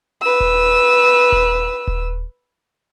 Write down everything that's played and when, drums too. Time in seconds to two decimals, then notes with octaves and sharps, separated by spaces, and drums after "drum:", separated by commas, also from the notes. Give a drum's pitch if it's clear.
0.22 B4 E6
0.40 drum: kick D#1
1.32 drum: kick D#1
1.87 drum: kick D#1